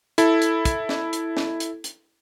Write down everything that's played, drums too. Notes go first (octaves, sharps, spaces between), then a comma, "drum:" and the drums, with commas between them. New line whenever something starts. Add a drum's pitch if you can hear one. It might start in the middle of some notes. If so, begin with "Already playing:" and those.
E4 A4, drum: hi-hat
drum: hi-hat
drum: kick, hi-hat
drum: snare
drum: hi-hat
drum: snare
drum: hi-hat
drum: hi-hat